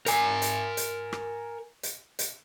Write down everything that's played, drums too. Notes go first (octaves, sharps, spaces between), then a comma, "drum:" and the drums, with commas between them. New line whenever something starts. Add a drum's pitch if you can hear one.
A#4 G#5, drum: hi-hat
drum: hi-hat
drum: hi-hat
drum: rim click
drum: hi-hat
drum: hi-hat